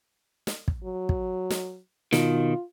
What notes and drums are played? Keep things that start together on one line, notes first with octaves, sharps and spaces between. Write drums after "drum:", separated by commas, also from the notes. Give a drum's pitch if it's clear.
drum: snare
drum: kick
F#3
drum: kick
drum: snare
B2 D#3 F4, drum: snare